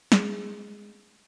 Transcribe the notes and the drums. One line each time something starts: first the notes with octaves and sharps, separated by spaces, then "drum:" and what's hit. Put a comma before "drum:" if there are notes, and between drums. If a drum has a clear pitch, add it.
G#3, drum: snare